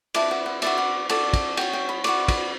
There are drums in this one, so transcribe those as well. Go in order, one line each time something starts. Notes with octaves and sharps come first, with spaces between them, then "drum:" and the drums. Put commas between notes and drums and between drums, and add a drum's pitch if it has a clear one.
E4 B4 D5 A5, drum: cymbal
F#5
F#5
F#4 B4 D5 E5, drum: cymbal
F#5
F#4 A4 D5, drum: cymbal
drum: kick, cymbal
F#4 C#5 G5, drum: cymbal
G5
B5
F#4 B4 D5 C#6, drum: cymbal
drum: kick, cymbal